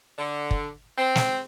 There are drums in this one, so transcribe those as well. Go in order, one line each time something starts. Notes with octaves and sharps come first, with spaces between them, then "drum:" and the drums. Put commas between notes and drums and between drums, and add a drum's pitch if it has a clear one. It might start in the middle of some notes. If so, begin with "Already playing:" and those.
D3
drum: kick
C4
drum: snare